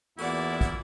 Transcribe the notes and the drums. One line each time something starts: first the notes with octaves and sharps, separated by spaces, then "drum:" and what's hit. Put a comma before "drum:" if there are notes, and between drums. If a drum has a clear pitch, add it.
E2 A#2 A#3 E4 F#4 D5 F#5, drum: open hi-hat
drum: kick, hi-hat